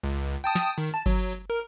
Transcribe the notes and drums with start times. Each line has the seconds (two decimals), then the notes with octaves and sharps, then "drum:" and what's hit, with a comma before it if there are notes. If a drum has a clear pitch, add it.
0.04 C#2
0.44 G5 A5 D#6
0.55 drum: snare
0.78 D#3
0.94 A5
1.06 F#3, drum: kick G1
1.50 A#4